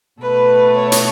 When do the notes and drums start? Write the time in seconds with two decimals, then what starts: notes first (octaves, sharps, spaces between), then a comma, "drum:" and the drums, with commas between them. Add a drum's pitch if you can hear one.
0.21 B2 A3 B4
0.78 C#5
0.92 drum: hi-hat